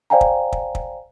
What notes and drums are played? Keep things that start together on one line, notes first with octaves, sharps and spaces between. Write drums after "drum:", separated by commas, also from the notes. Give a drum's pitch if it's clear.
C5 D5 F5 G5 G#5 A#5
drum: kick
drum: kick
drum: kick